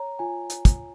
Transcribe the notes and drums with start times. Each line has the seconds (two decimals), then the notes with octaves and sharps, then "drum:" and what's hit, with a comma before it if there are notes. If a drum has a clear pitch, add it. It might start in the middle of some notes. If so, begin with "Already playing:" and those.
Already playing: C#5 A#5
0.19 F4 G#5
0.50 drum: hi-hat
0.65 drum: kick, hi-hat